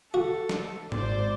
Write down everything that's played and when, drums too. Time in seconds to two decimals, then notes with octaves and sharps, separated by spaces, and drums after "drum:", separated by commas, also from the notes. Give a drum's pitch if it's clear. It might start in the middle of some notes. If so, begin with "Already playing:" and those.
0.14 F#4 A4
0.49 drum: snare
0.92 G#1 C5 D5, drum: tom G#2